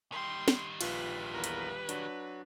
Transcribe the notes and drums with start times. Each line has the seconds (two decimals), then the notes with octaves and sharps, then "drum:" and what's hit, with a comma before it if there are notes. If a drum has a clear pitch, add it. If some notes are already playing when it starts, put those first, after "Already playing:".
0.12 D#3 G3 C6
0.48 drum: snare
0.81 A#1 F4 B4, drum: cymbal
1.34 E2 A#4 B4 A#5
1.44 drum: hi-hat
1.89 F#3 D4 F#4, drum: hi-hat